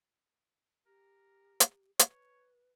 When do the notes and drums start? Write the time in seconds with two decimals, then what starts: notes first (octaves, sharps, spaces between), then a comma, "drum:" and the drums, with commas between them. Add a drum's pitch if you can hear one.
0.86 G4 A#4
1.60 drum: hi-hat
1.99 B4 C#5, drum: hi-hat